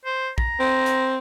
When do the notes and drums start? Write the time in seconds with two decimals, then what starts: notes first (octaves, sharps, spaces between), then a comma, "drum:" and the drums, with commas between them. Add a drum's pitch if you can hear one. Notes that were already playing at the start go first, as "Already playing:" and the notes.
0.05 C5
0.38 A#5, drum: kick
0.60 C4
0.86 drum: hi-hat